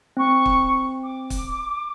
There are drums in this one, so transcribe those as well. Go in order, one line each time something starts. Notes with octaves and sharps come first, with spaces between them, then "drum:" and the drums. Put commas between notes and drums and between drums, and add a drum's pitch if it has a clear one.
C4 C#6
drum: kick
D6
drum: kick, hi-hat